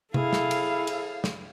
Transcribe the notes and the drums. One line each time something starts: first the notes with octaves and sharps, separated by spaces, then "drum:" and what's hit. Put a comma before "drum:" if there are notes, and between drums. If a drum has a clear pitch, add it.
E4 G#4 A4 F5, drum: tom C3
drum: snare
drum: cymbal
drum: cymbal
drum: snare